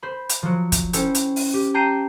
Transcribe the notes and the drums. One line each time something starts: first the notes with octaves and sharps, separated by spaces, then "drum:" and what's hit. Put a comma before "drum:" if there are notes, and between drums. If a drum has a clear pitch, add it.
C5 B5
drum: hi-hat
F3 F#3
drum: kick, hi-hat
C#4 E4 A4 C5 G5, drum: hi-hat
drum: hi-hat
drum: open hi-hat
G4
G5 A5 A#5 G6 C7 D#7